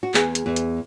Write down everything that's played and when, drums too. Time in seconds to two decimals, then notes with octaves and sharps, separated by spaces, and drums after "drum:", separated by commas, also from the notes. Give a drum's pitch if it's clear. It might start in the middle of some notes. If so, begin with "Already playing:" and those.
0.03 F#4
0.14 E2 G#4, drum: clap
0.35 drum: hi-hat
0.46 E2
0.56 drum: hi-hat